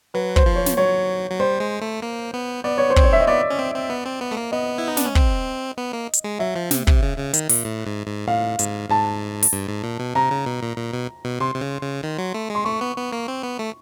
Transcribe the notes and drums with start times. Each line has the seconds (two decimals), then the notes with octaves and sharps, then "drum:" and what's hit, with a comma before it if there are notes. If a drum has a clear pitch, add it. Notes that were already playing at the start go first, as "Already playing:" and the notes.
0.14 F#3 B4
0.36 C5, drum: kick
0.46 F3
0.56 C#5
0.66 drum: snare
0.77 F#3 C#5
1.31 F#3
1.40 G3 C5
1.60 G#3
1.81 A3
2.02 A#3
2.34 B3
2.64 B3 D5
2.78 C#5
2.90 C5
2.96 C4, drum: kick
3.03 C#5
3.13 E5
3.20 D#5
3.27 B3 D5
3.50 C#4
3.59 C4
3.75 C4
3.90 B3
4.06 C4
4.21 B3
4.31 A3
4.37 A#3
4.52 B3 D#5
4.78 E4
4.88 D#4
4.97 D4, drum: snare
5.06 C#4
5.15 C4, drum: kick
5.78 B3
5.93 A#3
6.13 drum: hi-hat
6.24 G#3
6.39 F#3 E5
6.56 F3
6.71 C3, drum: snare
6.87 C3, drum: kick
7.03 C#3
7.18 C#3
7.34 D#3, drum: hi-hat
7.49 A#2, drum: open hi-hat
7.65 A2
7.86 G#2
8.07 G#2
8.28 A2 F5
8.59 G#2, drum: hi-hat
8.90 G#2 A5
9.43 drum: open hi-hat
9.53 G2
9.68 G#2
9.84 A#2
10.00 B2
10.15 C3 A#5
10.31 C#3
10.46 B2
10.62 A#2
10.78 A#2
10.93 B2
11.25 B2
11.40 C3 C6
11.55 C3
11.61 C#3
11.82 C#3
12.03 D#3
12.18 F#3
12.34 A3
12.50 G#3 C6
12.65 A3 C#6
12.81 B3
12.97 B3
13.13 A#3
13.28 C4
13.43 B3
13.59 A3